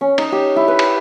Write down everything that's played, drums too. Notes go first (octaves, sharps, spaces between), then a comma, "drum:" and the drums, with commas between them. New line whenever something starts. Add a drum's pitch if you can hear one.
C#4
D#4, drum: cymbal
G4
E4
B4
drum: cymbal